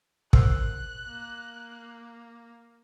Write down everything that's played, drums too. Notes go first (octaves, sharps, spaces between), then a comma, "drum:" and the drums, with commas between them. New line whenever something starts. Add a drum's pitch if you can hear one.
A#4 C5 F5 C6 F#6, drum: kick
A#3